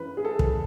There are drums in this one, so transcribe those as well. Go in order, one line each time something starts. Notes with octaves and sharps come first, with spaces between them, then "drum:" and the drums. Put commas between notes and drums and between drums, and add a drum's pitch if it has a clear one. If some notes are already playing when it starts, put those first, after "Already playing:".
Already playing: F#2 E3 G#3 B4
G#4
A3 A4
drum: kick